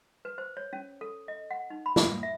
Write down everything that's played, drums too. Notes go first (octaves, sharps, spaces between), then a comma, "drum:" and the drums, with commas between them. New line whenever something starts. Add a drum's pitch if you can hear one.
B4
C5
C#5
C#4
A4
D#5
F#5
D#4
B5
drum: snare
E5